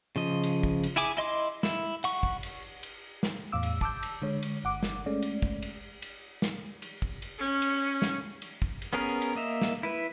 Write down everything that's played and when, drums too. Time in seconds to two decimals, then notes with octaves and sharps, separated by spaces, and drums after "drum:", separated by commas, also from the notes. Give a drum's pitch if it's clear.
0.16 C#3 F3 D#5
0.43 drum: cymbal
0.63 drum: kick
0.83 drum: cymbal
0.96 E4 G#4 G#5 D6
1.17 E4 D#5 C6 D6
1.63 E4, drum: snare
2.04 F#5 C#6, drum: cymbal
2.23 drum: kick
2.43 drum: cymbal
2.83 drum: cymbal
3.23 drum: snare
3.52 E2 A2 F5 D6 E6
3.63 drum: cymbal
3.81 A5 D6 E6 G6, drum: kick
4.03 drum: cymbal
4.22 D3 G#3 C#5
4.43 drum: cymbal
4.64 G1 F#5 D6
4.83 drum: snare
5.06 G#3 A3 C#4 D5
5.22 drum: cymbal
5.42 drum: kick
5.62 drum: cymbal
6.02 drum: cymbal
6.42 drum: snare
6.82 drum: cymbal
7.02 drum: kick
7.22 drum: cymbal
7.39 C#4
7.62 drum: cymbal
8.02 drum: snare
8.42 drum: cymbal
8.62 drum: kick
8.82 drum: cymbal
8.93 B3 C#4 G#4 A#4
9.22 drum: cymbal
9.35 A#3 D#5 E5
9.62 drum: snare
9.83 E4 B4